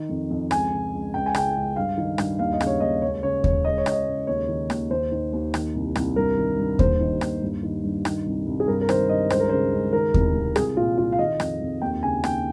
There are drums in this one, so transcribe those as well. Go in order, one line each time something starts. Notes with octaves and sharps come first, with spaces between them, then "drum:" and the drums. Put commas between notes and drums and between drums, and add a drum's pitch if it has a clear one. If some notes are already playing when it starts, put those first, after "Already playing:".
Already playing: D#3
F2
F2
C#2 G#5, drum: rim click
C#3
C#2
C#2 G5
G#5
C#3 G5, drum: rim click
C#2
G2 F5
D#3
G2, drum: rim click
D#2 F5
D#5
C#3, drum: rim click
C#5
D#2 D#5
C#2 C#5
C#3 C#5
C#2 C#5, drum: kick D#2
C#2 D#5
C#5
C#3, drum: rim click
D#5
C#2
D#2 C#5
D#3
D#2, drum: rim click
D#2 C5
D#3
D#2
D#3, drum: rim click
C2
C2, drum: rim click
G2 A#4
D#3
G2
D#2 C5, drum: kick D#2
D#3
D#2, drum: rim click
G2
D#3
G2
D#3, drum: rim click
C2
C2
G#4
G2 A#4
A#4
D#3 C5, drum: rim click
G2 D#5
C#2 C5, drum: rim click
A#4
C#3 C5
C#2
D#3 A#4
C2, drum: kick D#2
C2
C2 G#4, drum: rim click
A#2 F4
C2 F4
F5
D#3 D#5
F2, drum: rim click
F2
D#2 G5
C#3 G#5
D#2 G5, drum: rim click